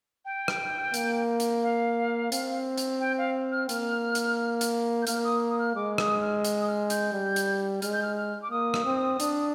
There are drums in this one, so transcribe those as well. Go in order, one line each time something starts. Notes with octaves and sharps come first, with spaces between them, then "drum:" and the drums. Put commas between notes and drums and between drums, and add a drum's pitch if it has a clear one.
G5
drum: rim click
A#3, drum: hi-hat
drum: hi-hat
F5
C4, drum: hi-hat
drum: hi-hat
G5
F5
F6
A#3 F6, drum: hi-hat
drum: hi-hat
drum: hi-hat
G6
A#3 F6, drum: hi-hat
D#6
D#6
F6
G#3 D6
D#6, drum: rim click
F6
drum: hi-hat
D#6
F6
G6, drum: hi-hat
G3
drum: hi-hat
G#3 F6, drum: hi-hat
G6
F6
F6
D6
A#3 D#6
drum: rim click
C4
D4, drum: hi-hat